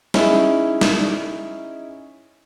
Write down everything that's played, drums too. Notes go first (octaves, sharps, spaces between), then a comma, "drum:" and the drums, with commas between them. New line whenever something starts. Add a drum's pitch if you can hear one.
C#4 D#4 E4 G#4, drum: snare
drum: snare